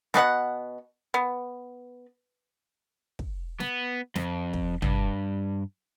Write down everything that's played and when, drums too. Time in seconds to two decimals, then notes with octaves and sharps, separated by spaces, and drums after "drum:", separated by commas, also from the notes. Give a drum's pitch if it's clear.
0.14 B2 B3 D4 F#5, drum: snare
1.14 B3
3.19 drum: kick
3.60 B3, drum: snare
4.15 F2, drum: snare
4.53 drum: kick
4.82 G2, drum: tom